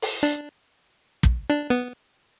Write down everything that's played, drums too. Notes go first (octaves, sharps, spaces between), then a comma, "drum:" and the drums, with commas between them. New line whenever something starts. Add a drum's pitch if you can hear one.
drum: open hi-hat
D4
drum: kick
D4
B3